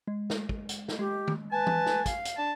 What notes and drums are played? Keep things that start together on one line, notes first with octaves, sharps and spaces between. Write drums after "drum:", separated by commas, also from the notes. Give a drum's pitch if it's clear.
G#3
drum: snare
drum: kick
drum: hi-hat
drum: snare
G#3 G4
drum: tom D#3
B4 G#5 A5
drum: tom E3
drum: snare
F5, drum: kick, hi-hat
drum: hi-hat
D4 A5